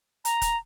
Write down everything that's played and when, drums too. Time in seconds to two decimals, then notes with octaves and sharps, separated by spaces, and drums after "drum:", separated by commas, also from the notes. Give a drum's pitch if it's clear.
0.25 A#5, drum: hi-hat
0.42 drum: kick, hi-hat